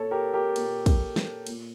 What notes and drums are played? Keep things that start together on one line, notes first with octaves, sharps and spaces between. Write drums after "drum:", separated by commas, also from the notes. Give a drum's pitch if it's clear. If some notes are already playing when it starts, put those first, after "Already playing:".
Already playing: A#2 A4 C#5
G4 A#4
G4 A#4
A#2, drum: cymbal
drum: kick, cymbal
drum: snare
A#2, drum: cymbal